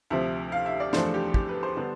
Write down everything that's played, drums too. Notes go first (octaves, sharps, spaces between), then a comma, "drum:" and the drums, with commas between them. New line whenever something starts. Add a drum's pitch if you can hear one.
D2 C3 F3 C4 E5
F5
E5
D5
E2 C3 F3 A3 D4 C5, drum: snare
A4
G4
G4, drum: kick
B4
C5
D3 G3 B3 D4